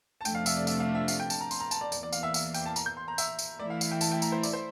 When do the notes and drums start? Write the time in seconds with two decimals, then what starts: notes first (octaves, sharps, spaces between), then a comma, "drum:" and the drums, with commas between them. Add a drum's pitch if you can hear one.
0.21 A5
0.25 F2 C3 F3 A3 D4 G5, drum: tambourine
0.35 F5
0.46 E5, drum: tambourine
0.57 D5
0.67 E5, drum: tambourine
0.80 F5
0.95 E5
1.08 F5, drum: tambourine
1.20 G5
1.30 A5, drum: tambourine
1.41 A#5
1.51 C6, drum: tambourine
1.60 A#5
1.71 A5, drum: tambourine
1.81 D5
1.92 E2 E3 A#3 D5, drum: tambourine
2.03 D5
2.13 F5, drum: tambourine
2.23 E5
2.34 E5, drum: tambourine
2.54 G5, drum: tambourine
2.66 A5
2.76 A#5, drum: tambourine
2.86 G6
2.97 C6
3.08 A#5
3.18 E5, drum: tambourine
3.39 drum: tambourine
3.59 E3 A3 E4 D5
3.70 F5
3.81 F5, drum: tambourine
3.91 G5
4.01 A5, drum: tambourine
4.12 G5
4.22 A#5, drum: tambourine
4.32 C5
4.43 D5, drum: tambourine
4.53 C5